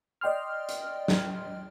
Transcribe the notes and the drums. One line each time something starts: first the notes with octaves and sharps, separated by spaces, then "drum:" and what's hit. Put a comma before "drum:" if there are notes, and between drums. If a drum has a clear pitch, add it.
D5 D#5 G5 C6 F6
drum: hi-hat
drum: snare